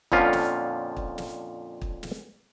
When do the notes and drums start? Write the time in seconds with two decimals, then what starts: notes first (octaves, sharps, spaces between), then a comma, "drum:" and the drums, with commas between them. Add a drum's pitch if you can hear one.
0.12 F2 A#2 D3 F3 C#4 F4, drum: kick
0.33 drum: snare
0.97 drum: kick
1.18 drum: snare
1.81 drum: kick
2.03 drum: snare